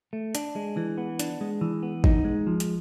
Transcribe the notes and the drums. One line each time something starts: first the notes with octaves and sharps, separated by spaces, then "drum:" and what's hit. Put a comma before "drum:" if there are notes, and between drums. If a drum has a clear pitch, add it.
A3
D4, drum: hi-hat
G#3
E3
B3
D4, drum: hi-hat
G#3
E3
B3
D#4, drum: kick
G#3
F3
drum: hi-hat